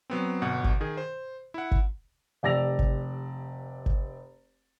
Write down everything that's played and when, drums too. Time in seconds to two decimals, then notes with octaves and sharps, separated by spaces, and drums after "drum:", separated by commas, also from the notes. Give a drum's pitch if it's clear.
0.10 F#3 B3 C4
0.42 G1 B2 F#5
0.64 drum: kick G#1
0.81 D#3 G#4
0.97 C5
1.54 E4 F#5
1.71 drum: kick G#1
2.43 F1 G4 D5 E6 A#6 F7
2.79 drum: kick G#1
3.86 drum: kick G#1